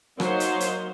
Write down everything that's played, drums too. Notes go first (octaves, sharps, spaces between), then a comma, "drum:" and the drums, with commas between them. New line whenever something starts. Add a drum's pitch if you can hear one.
F#3 A#3 D#4 C5, drum: rim click
drum: hi-hat
drum: hi-hat